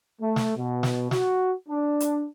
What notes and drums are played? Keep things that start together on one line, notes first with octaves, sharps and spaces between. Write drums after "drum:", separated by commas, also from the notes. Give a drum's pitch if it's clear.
A3
drum: snare
B2
drum: snare
F#4, drum: snare
D4
drum: hi-hat